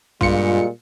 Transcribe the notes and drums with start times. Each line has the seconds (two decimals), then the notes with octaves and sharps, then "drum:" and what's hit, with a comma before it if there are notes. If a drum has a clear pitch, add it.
0.21 G2 A#2 G3 G#3 F4 C#7, drum: kick A#1